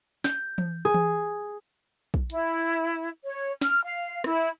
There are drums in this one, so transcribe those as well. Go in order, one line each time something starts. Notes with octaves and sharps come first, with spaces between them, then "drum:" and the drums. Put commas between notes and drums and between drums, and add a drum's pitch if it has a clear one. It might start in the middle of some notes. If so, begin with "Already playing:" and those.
G6, drum: snare
drum: tom E3
G#4
drum: tom E3
drum: kick A#1
E4, drum: hi-hat
C#5
F6, drum: snare
F5
E4, drum: rim click